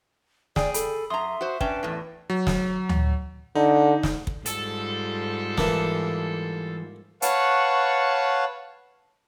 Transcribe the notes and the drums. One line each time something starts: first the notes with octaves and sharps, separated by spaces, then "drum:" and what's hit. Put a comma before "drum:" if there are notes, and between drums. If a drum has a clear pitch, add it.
G#4 D5 G5, drum: snare
A4 B5, drum: hi-hat
F#2 E5 A#5 C6 D#6
F#4 C5
C#4 D4 B4 D5 G5, drum: kick
E2 A2
F#3
drum: snare
drum: tom D2
D3 D#4
drum: snare
drum: kick
G#2 G3 F4 A4, drum: hi-hat
E3 A#3 A5, drum: snare
B4 C#5 F5 F#5 A5 C#6, drum: hi-hat